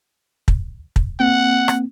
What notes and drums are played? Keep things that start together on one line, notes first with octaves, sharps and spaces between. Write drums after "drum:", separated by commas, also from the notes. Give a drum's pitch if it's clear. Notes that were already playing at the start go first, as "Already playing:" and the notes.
drum: kick
drum: kick
A#3 C4 F#5
drum: rim click